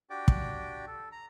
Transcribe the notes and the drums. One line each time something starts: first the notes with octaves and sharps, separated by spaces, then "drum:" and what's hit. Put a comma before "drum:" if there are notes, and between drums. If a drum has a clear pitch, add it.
D4 F#4 G4 D5 G5 D6
drum: kick
A4
A#5